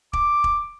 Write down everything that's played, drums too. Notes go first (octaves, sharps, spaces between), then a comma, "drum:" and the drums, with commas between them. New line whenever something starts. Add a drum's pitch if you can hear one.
D6, drum: kick E1
drum: kick E1